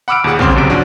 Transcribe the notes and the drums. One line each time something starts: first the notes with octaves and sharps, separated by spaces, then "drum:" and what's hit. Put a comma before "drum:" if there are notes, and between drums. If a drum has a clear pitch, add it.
F#5 B5 D6 E6 F6 D7
D#2 A#2 G#4 F#5
G1 C#3 C4 C6 D6, drum: kick
G1 F#2 C3 D7
F3 C#4 D4 F#4